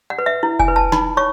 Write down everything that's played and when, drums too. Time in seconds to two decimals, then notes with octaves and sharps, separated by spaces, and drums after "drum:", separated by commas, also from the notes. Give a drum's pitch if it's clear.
0.10 F#5
0.19 B4
0.26 E5
0.43 E4
0.59 G#5, drum: kick F1
0.68 B4
0.76 A5
0.92 D#4 B5, drum: snare
1.17 C#5 C#6